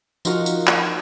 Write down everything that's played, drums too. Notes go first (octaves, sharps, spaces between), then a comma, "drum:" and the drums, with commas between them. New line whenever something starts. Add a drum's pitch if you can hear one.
F3 D#4 F4 F#4 A#4, drum: tambourine
drum: tambourine
drum: clap